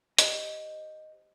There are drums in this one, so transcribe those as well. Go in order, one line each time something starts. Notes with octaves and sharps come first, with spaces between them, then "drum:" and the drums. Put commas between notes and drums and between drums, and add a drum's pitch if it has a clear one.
G4 C5 D#5, drum: hi-hat